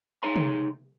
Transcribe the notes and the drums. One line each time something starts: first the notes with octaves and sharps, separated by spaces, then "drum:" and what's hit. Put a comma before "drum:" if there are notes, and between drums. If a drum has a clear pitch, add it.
D#4 G#4 C#5 A#5 C6
drum: tom